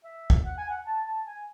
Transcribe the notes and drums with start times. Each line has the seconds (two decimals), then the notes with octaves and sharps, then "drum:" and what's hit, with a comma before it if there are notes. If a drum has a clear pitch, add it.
0.04 E5
0.30 drum: kick
0.45 F#5
0.58 G#5
0.70 F#5
0.86 A5
1.05 A5
1.26 G#5